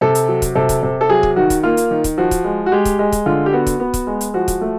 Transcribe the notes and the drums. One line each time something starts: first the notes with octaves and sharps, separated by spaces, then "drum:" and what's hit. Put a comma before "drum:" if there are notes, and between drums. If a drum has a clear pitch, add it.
C3 A4
drum: hi-hat
F#3
drum: kick, hi-hat
C3 A4
drum: kick, hi-hat
C3
A4
F#3 G#4
drum: kick
D#3 F#4
drum: kick, hi-hat
A#3 F4
drum: hi-hat
D#3
drum: kick, hi-hat
F3 F#4
drum: kick, hi-hat
G#3
F#4
G#3 G4
drum: kick, hi-hat
G#3
drum: kick, hi-hat
D3 F4
G4
B3 F#4
drum: kick, hi-hat
B3
drum: kick, hi-hat
G#3
drum: hi-hat
F3 F#4
drum: kick, hi-hat
A3